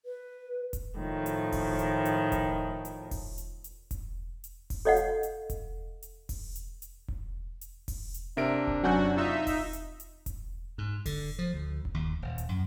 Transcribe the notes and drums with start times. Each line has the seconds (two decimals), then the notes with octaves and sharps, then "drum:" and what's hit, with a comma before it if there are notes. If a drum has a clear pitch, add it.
0.06 B4
0.73 drum: kick E1, hi-hat
0.99 A2 D#3 F3
1.26 drum: hi-hat
1.52 drum: kick E1, open hi-hat
1.79 drum: hi-hat
2.05 drum: hi-hat
2.32 drum: kick E1, hi-hat
2.85 drum: hi-hat
3.11 drum: kick E1, open hi-hat
3.38 drum: hi-hat
3.64 drum: hi-hat
3.91 drum: kick E1, hi-hat
4.44 drum: hi-hat
4.70 drum: kick E1, open hi-hat
4.85 A4 C#5 D#5 F5 F#5
4.97 drum: hi-hat
5.23 drum: hi-hat
5.50 drum: kick E1, hi-hat
6.02 drum: hi-hat
6.29 drum: kick E1, open hi-hat
6.55 drum: hi-hat
6.82 drum: hi-hat
7.08 drum: kick E1
7.61 drum: hi-hat
7.88 drum: kick E1, open hi-hat
8.14 drum: hi-hat
8.37 C3 D4 A#4 E5 D7
8.67 drum: kick E1
8.83 F#2 F#4 G#5 G6
9.17 D#4 F4 E5
9.47 drum: kick E1, open hi-hat
9.73 drum: hi-hat
10.00 drum: hi-hat
10.26 drum: kick E1, hi-hat
10.78 G#2
11.06 D3, drum: kick E1, open hi-hat
11.39 F3
11.53 D2
11.85 drum: kick E1
11.94 D#2
12.22 D#1
12.38 drum: hi-hat
12.49 F#2